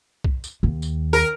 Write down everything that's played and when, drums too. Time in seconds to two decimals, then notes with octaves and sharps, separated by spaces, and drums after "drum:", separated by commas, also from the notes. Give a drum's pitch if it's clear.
0.24 drum: kick
0.44 drum: tambourine
0.63 D#2
0.82 drum: tambourine
1.13 A#4